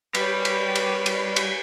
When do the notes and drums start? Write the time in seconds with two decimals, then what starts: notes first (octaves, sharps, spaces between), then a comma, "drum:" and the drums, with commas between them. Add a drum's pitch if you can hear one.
0.15 G3 B4 C#5, drum: cymbal
0.45 drum: cymbal
0.75 drum: cymbal
1.06 drum: cymbal
1.36 drum: cymbal